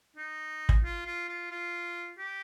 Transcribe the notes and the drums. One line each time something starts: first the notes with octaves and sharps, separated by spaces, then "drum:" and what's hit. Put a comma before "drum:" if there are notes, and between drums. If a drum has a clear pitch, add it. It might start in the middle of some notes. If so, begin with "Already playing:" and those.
D#4
drum: kick
F4
F4
F4
F4
G4